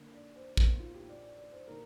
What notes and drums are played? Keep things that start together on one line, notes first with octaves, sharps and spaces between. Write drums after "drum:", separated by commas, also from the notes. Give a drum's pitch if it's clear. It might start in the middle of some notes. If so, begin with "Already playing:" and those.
Already playing: D3 A#3 D4
D5
C5
A#4, drum: kick
F4
G4
D5
D5
D5
C5
D3 A#3 D4 A#4